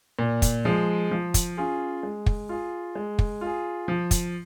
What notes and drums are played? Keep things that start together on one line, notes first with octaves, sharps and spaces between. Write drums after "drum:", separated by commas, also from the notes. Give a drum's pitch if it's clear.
A#2
drum: kick, hi-hat
F3 G#3
F3
drum: kick, hi-hat
C#4 F4 G#4
G#3
drum: kick
F4 G#4
G#3
drum: kick
F4 G#4
F3
drum: kick, hi-hat